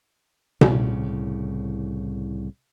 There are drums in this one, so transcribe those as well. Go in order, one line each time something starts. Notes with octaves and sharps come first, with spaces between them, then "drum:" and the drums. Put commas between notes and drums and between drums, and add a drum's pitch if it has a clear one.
C2 A2 C#3, drum: tom B2